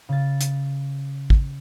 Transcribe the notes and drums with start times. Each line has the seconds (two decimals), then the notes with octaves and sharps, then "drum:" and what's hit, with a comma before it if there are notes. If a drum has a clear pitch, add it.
0.09 C#3 A6
0.41 drum: hi-hat
1.30 drum: kick